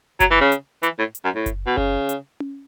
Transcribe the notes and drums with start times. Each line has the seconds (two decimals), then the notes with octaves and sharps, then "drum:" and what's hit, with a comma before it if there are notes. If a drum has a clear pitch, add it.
0.20 F#3, drum: kick F#1, hi-hat
0.31 E3
0.41 C#3
0.52 drum: hi-hat
0.83 E3, drum: hi-hat
0.99 A2
1.15 drum: hi-hat
1.24 F#2
1.36 A2
1.46 drum: kick F#1, hi-hat
1.66 B2
1.77 C#3, drum: kick F#1
2.09 drum: hi-hat
2.40 drum: tom C#4